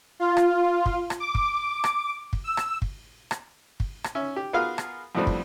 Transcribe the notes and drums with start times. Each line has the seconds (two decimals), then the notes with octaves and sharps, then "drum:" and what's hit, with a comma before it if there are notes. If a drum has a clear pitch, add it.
0.20 F4
0.37 drum: rim click
0.86 drum: kick
1.10 drum: rim click
1.20 D6
1.35 drum: kick
1.84 drum: rim click
2.33 drum: kick
2.44 E6
2.57 drum: rim click
2.82 drum: kick
3.31 drum: rim click
3.80 drum: kick
4.04 drum: rim click
4.15 C#4 E5
4.36 G4
4.53 B3 F4 F#4 G#4 A#4 F5
4.78 drum: rim click
5.15 F2 A2 G3 B3 C4
5.27 drum: kick